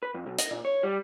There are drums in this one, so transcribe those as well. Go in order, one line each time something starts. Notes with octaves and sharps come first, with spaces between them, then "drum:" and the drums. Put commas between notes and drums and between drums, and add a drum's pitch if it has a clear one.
B4
F2
B1
D#5, drum: hi-hat
A#2
C#5
G3